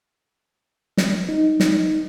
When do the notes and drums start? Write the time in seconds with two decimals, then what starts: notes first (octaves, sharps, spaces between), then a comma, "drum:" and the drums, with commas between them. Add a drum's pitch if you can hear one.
0.97 drum: snare
1.29 D#4
1.60 drum: snare